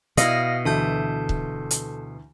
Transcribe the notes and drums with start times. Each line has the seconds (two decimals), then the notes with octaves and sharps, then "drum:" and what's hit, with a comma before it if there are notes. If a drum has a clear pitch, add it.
0.17 B2 E4 D#5 F5 F6 A#6, drum: hi-hat
0.66 D2 E3 A4 A5 G6
1.29 drum: kick C#1
1.71 drum: hi-hat